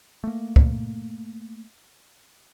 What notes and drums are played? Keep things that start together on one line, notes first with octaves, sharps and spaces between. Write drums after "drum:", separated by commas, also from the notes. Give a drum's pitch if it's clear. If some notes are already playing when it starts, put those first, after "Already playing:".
A3 A#3
drum: kick